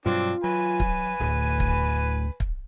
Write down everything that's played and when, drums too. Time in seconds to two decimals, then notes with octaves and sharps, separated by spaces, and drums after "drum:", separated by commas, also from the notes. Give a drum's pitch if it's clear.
0.06 G2 B2 F#3 C4 D4 F4
0.44 F#3 B4 G#5
0.80 drum: kick
1.20 D1 D2 A2
1.60 drum: kick
2.40 drum: kick